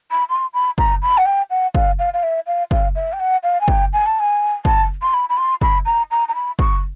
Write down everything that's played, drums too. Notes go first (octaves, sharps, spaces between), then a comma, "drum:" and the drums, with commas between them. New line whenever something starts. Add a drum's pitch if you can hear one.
B5
C6
B5
A#5, drum: kick
B5
F#5
G5
F#5
F5, drum: kick
F5
F5
E5
F5
F5, drum: kick
E5
G5
F#5
F5
G#5
G5, drum: kick
G#5
A5
G#5
A5, drum: kick
C6
B5
B5
C6
B5, drum: kick
A#5
A#5
A#5
B5
C#6, drum: kick